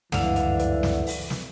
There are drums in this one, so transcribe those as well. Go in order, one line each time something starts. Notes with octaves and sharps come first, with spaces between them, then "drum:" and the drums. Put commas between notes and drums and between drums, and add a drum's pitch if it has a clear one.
F#1 C#2 G2 D3 E3 F5, drum: snare
drum: hi-hat
drum: hi-hat
drum: snare
drum: open hi-hat
drum: snare